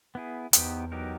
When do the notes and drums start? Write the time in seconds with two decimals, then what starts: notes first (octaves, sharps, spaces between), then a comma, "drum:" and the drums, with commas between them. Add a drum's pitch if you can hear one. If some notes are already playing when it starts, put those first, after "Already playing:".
0.15 B3 E4 G#4
0.53 E2 B3 D#4 G4 C5, drum: hi-hat
0.92 F#3 B3 D#4 G4 A#4